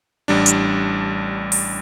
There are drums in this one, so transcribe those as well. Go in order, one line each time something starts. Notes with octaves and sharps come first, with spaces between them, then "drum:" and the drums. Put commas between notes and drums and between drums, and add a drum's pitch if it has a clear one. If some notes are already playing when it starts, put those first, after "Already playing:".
A1 G3 D4
drum: hi-hat
drum: open hi-hat